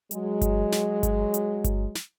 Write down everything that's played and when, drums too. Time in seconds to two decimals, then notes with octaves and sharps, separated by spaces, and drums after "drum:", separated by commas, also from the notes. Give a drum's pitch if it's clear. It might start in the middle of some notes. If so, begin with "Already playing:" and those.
0.11 F#3 G#3, drum: hi-hat
0.42 drum: kick G1, hi-hat
0.72 drum: snare
1.03 drum: kick G1, hi-hat
1.34 drum: hi-hat
1.64 drum: kick G1, hi-hat
1.95 drum: snare